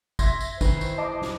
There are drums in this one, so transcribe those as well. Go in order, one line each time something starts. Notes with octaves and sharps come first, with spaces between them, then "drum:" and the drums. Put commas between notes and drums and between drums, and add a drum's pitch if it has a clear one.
E5 C6 G#6 A#6 B6, drum: kick, tambourine
drum: tambourine
D#3 E3 B4 C5, drum: kick, tambourine
drum: tambourine
D#5 A5 D6
drum: snare